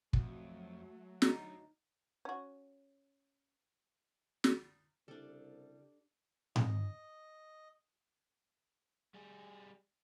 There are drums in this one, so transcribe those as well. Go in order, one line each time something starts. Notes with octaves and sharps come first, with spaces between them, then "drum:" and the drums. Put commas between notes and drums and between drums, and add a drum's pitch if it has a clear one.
F2 F#3 A3, drum: kick
D4 D#4 A#5, drum: snare
C#4 F#4
drum: snare
C2 C#3 G3 D4 E4 A4
D#5, drum: tom G#2
G3 G#4